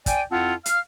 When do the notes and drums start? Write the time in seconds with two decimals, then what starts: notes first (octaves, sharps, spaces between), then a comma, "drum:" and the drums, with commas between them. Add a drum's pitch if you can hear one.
0.06 D5 G5 G#5, drum: kick, hi-hat
0.31 F2 C4 E4 F4 F#5 A5
0.66 F5 F6, drum: hi-hat